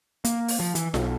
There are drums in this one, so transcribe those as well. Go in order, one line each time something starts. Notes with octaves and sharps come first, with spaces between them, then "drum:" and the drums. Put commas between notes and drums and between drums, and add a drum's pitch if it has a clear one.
A#3, drum: hi-hat
drum: open hi-hat
F3
E3, drum: hi-hat
B1, drum: snare F4